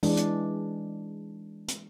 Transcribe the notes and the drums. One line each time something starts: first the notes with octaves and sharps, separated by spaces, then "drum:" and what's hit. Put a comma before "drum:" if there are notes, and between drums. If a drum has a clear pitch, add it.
E3 G#3 D4, drum: open hi-hat
drum: hi-hat
drum: hi-hat